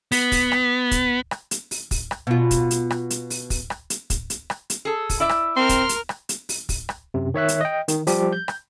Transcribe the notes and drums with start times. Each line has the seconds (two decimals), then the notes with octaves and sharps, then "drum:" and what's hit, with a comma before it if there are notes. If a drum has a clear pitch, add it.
0.12 B3, drum: open hi-hat
0.32 drum: kick, open hi-hat
0.52 drum: rim click
0.91 drum: kick, hi-hat
1.31 drum: rim click
1.51 drum: hi-hat
1.71 drum: open hi-hat
1.91 drum: kick, open hi-hat
2.11 drum: rim click
2.27 B2 F4
2.51 drum: kick, hi-hat
2.71 drum: hi-hat
2.91 drum: rim click
3.10 drum: hi-hat
3.30 drum: open hi-hat
3.50 drum: kick, open hi-hat
3.70 drum: rim click
3.90 drum: hi-hat
4.10 drum: kick, hi-hat
4.30 drum: hi-hat
4.50 drum: rim click
4.70 drum: hi-hat
4.85 G#4 A4
5.10 drum: kick, open hi-hat
5.20 E4 D5 E5
5.29 drum: rim click
5.56 C4 A#4 C6 F6
5.69 drum: kick, hi-hat
5.89 drum: hi-hat
6.09 drum: rim click
6.29 drum: hi-hat
6.49 drum: open hi-hat
6.69 drum: kick, open hi-hat
6.89 drum: rim click
7.14 F#2 C3
7.34 D#3 C#5 E5 F#6
7.48 drum: hi-hat
7.61 D#5 G5
7.88 D#3, drum: hi-hat
8.07 F3 G3 G4, drum: open hi-hat
8.32 G6
8.48 drum: rim click